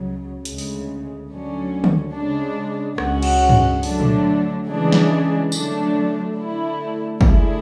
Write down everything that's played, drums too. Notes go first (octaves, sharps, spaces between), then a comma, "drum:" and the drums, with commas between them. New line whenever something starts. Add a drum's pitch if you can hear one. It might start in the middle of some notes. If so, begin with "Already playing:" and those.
Already playing: C#2 C#3 F#3
D2 C#3 G#3, drum: hi-hat
drum: open hi-hat
D2 D3 F#3 C#4
drum: tom D3
C#3 G#3 D4
C#2 C#3 G#3 C#4 F#4, drum: rim click
drum: cymbal
drum: tom G2
D3 F#3 A3 D4, drum: open hi-hat
drum: tom A#2
C#3 E3 G#3 D4 G#4
drum: snare
D3 F#3 A3 D4, drum: tambourine
D3 A3 E4
D3 A3 E4 G#4, drum: kick